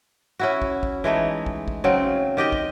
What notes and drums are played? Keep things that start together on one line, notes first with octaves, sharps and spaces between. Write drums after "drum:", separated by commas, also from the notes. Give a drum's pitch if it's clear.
C#4 E4 F#4
drum: kick
drum: kick
E3 G#3 A3 D#4
drum: kick
drum: kick
C#3 F#3 C4
D#3 G4 D#5 G5
drum: kick